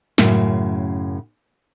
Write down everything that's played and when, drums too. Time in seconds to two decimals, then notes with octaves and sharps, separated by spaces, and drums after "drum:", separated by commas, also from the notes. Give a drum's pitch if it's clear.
0.18 F#2 A2 C#3, drum: snare